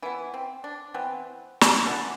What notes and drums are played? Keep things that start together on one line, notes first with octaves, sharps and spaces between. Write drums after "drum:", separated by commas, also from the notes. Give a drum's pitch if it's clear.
E3 B3 E4
C4
D4
E3 B3 C4
drum: snare
E3 B3 D4